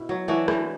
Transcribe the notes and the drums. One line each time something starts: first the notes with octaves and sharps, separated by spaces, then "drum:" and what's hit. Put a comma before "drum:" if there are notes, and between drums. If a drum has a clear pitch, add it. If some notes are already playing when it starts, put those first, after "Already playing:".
Already playing: B2 E4
F#3
E3 D4 F#4
E3, drum: rim click